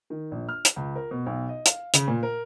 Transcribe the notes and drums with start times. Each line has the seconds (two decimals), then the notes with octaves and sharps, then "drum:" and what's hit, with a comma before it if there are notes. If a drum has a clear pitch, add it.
0.10 D#3
0.31 A#1
0.49 F6
0.65 drum: hi-hat
0.76 C#2
0.96 A#4
1.11 B2
1.26 B1
1.49 D#5
1.66 F5, drum: hi-hat
1.94 C#3, drum: hi-hat
2.08 A#2
2.23 A#4